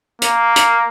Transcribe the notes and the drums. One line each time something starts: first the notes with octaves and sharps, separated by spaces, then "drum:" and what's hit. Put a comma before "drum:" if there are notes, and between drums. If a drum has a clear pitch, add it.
A#3, drum: hi-hat
drum: hi-hat